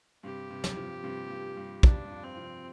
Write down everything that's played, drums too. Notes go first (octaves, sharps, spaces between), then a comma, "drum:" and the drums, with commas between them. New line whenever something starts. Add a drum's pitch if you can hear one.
G2 C3 G4
G2 C3
drum: snare
C3 F3
G2 C3
G2
G2
G2 D4, drum: kick
G2
F2
C4
C3 F3